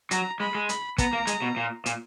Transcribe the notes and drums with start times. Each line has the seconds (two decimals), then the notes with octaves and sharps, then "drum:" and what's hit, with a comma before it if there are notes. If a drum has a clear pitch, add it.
0.11 F#3 A#5, drum: hi-hat
0.40 G#3 B5
0.55 G#3
0.69 B5, drum: hi-hat
0.98 B3 A#5, drum: kick, hi-hat
1.13 A#3
1.27 G#3, drum: hi-hat
1.42 B2
1.57 A#2
1.86 A#2, drum: hi-hat